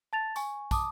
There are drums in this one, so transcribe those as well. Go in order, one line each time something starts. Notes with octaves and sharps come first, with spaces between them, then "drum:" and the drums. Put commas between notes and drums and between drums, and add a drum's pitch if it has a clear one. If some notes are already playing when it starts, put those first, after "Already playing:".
A5 A6 F7
G#5 C#6, drum: tambourine
A5 D6 D#6, drum: kick, tambourine